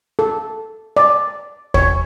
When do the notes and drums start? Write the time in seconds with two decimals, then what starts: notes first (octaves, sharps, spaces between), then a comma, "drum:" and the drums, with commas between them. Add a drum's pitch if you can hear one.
0.19 A4
0.97 D5
1.74 C#5, drum: kick